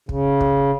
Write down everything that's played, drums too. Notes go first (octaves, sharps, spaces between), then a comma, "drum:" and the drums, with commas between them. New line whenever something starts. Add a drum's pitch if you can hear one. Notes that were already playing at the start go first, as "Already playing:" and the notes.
C#3, drum: kick
drum: kick